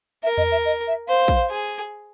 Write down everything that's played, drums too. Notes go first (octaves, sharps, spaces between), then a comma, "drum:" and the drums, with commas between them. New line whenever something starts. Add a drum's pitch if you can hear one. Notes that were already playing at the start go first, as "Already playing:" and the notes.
A#4 E5
D#5, drum: tom E2
E5
D#5
E5
C5 F5
drum: kick A#1
G#4